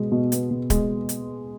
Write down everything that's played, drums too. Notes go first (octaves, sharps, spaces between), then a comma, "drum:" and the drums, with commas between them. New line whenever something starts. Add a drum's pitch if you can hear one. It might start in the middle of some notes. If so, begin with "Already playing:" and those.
Already playing: B2 G#3 B3
B2
B3, drum: hi-hat
B2
G#3, drum: kick D1, hi-hat
drum: hi-hat